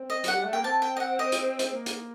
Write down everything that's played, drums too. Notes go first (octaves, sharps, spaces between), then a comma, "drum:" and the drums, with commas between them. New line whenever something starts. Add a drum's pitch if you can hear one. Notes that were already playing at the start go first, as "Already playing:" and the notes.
Already playing: C4
D#5
F#3 F#5, drum: hi-hat
G3
A3
A#3 G5
C4 A5
G5
D#5
F#5
D#5
drum: hi-hat
drum: hi-hat
A#3
drum: hi-hat